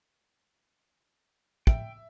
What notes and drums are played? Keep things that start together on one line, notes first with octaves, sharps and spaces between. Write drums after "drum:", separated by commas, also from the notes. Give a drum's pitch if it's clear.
E5 G5, drum: kick